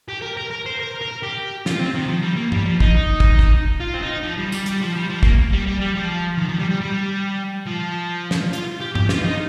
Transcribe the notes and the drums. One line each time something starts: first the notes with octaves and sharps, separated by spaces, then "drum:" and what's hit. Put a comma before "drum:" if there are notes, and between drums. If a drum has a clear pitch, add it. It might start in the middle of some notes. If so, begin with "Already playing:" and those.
G4
A#4
A#4
A#4
C5
A#4
A#4
G4
F4, drum: snare
C4
D#3
F3
G3
A#3
G3, drum: tom G2
F3
D#4, drum: kick
drum: kick
drum: kick
F4
C4
D#4
F3
G3
G3, drum: tambourine
G3, drum: hi-hat
F3
G3
F3
A#3, drum: kick
G3
G3
G3
F3
D#3
F3
G3
G3
G3
F3
drum: snare
F4, drum: hi-hat
G4
G4, drum: tom G2
F4, drum: snare
D#4